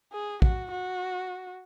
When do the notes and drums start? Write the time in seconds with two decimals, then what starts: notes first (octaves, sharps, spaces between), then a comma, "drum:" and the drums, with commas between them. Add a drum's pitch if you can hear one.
0.12 G#4
0.42 F#4, drum: kick
0.71 F#4